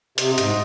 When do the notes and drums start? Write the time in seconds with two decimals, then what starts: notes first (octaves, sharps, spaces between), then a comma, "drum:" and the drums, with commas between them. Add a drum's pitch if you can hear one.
0.18 C3 F#4 C5 D#5, drum: hi-hat
0.38 G#2, drum: hi-hat